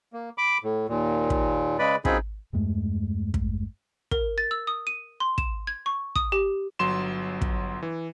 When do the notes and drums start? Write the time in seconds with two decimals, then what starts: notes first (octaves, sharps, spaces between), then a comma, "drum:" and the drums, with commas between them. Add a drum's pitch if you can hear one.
0.13 A#3
0.38 B5 D6
0.64 A2
0.89 D#2 A#2
1.30 drum: kick
1.79 C#3 G#3 B4 D5 B5
2.05 F#2 C4 D#4 F4 G#4 B5, drum: kick
2.53 E2 G2 G#3 A3
3.34 drum: kick
4.11 A#4, drum: kick
4.38 A6
4.51 E6
4.67 D#6
4.87 D#7
5.20 C6
5.38 E7, drum: kick
5.67 G#6
5.86 C#6
6.16 D#6, drum: kick
6.32 G4
6.79 G1 F#3 C6 E7
7.42 drum: kick
7.83 E3